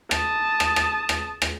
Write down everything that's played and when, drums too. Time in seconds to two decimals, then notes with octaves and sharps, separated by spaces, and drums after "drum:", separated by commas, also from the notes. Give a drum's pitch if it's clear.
0.11 A5 D#6, drum: rim click
0.60 drum: rim click
0.76 drum: rim click
1.09 drum: rim click
1.42 drum: rim click